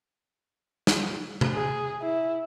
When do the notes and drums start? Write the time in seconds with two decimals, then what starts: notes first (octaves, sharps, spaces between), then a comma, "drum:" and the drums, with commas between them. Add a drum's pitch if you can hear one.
0.87 drum: snare
1.41 drum: tom C3
1.53 G#4
2.02 E4